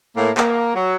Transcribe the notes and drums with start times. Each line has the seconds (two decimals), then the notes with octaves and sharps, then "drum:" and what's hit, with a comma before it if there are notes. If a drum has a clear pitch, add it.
0.16 A2 A#3
0.37 A#3, drum: clap
0.74 F#3